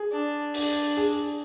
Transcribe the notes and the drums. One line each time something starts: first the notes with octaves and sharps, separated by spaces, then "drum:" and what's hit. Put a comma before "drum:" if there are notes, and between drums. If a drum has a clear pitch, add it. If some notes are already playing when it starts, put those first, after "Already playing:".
Already playing: G#4
D4
D4, drum: open hi-hat
G#4